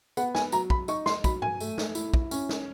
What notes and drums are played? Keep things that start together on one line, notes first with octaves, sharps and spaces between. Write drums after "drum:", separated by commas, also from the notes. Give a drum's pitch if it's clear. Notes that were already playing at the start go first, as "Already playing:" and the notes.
B3 F#5, drum: tambourine
G#5, drum: snare
F#3 A#5, drum: tambourine
B5, drum: kick
D#4 C#6, drum: tambourine
C6, drum: snare
F#3 B5, drum: kick, tambourine
G#5, drum: tom G2
A3, drum: tambourine
drum: snare
E4, drum: tambourine
drum: kick
C#4, drum: tambourine
drum: snare